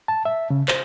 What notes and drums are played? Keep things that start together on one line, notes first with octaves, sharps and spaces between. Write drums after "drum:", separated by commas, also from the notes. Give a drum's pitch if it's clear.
A5
E5
C#3
C5, drum: clap